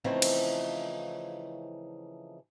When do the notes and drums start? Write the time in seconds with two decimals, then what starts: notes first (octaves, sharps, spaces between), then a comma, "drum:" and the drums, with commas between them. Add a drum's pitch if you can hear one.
0.04 C#3 E3 F3 A3 C4 D#4
0.22 drum: cymbal